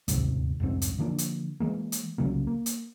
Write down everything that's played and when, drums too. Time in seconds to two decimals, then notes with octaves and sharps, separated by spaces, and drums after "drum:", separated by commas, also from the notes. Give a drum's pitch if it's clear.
0.08 D#1 D2 G#2 C3, drum: kick, hi-hat
0.60 C2 F2 G#2 C4
0.82 drum: hi-hat
0.99 D3 F3 A#3 D4
1.18 drum: hi-hat
1.60 E3 G#3 A#3
1.92 drum: hi-hat
2.18 C2 C#3 F#3 A#3
2.47 A#3
2.66 drum: hi-hat